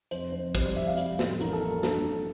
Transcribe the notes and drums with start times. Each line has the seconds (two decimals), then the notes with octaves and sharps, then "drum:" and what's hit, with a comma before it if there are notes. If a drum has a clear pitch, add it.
0.11 F1 C5, drum: hi-hat
0.32 F1 C5
0.55 G3 C5, drum: kick, hi-hat
0.66 D5
0.76 F1 E5
0.87 F5
0.97 G3 F5, drum: hi-hat
1.19 A2, drum: snare
1.41 A1 A#4, drum: hi-hat
1.53 A4
1.62 A#3 A#4
1.83 G2 A4, drum: snare
2.05 G2